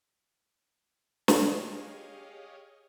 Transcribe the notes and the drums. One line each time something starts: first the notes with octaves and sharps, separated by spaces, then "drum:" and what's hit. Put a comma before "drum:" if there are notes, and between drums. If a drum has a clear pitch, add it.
G4 G#4 C#5 D#5 F5, drum: snare